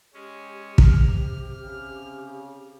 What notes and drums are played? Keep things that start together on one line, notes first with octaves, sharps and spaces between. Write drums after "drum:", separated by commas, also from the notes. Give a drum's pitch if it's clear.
G#3 C#4 G4
C3 F6, drum: kick
C#3